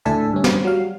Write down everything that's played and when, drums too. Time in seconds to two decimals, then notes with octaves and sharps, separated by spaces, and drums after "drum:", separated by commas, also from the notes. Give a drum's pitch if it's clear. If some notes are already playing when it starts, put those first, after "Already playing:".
0.05 D2 A2 D4 A4 E5 G#5
0.33 G2 C#4
0.44 drum: snare
0.65 F#3 G3 F5